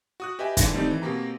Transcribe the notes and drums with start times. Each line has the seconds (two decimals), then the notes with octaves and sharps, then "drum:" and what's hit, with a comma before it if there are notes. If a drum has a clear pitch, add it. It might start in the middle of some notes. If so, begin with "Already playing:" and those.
0.20 F#4 D#6 F#6
0.39 G4 B4 D#5 E5 G5 G#5
0.57 G#2 D3 E3, drum: kick, hi-hat
0.73 D#3 G3 A3 C4 D#4
0.90 E3
1.02 B2 A#3 C4 G4 A#5